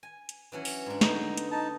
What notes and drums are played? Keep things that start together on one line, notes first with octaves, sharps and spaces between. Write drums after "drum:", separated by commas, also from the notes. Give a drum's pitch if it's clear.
G#5
drum: hi-hat
E3 F#3 C#4
drum: open hi-hat
G#2 D4
D3 B3 D#4, drum: snare
drum: hi-hat
D#4 A5